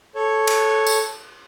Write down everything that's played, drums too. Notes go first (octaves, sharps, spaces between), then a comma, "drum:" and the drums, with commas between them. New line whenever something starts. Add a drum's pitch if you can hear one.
A4 C#5
drum: cymbal
drum: tambourine